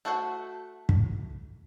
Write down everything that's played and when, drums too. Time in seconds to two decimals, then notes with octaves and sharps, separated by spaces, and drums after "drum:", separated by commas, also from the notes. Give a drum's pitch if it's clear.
0.05 A3 F#4 A4 C5 F#5
0.89 drum: kick